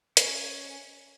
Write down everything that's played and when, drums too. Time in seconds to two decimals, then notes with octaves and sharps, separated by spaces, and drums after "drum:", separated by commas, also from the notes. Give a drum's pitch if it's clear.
0.17 C#4, drum: hi-hat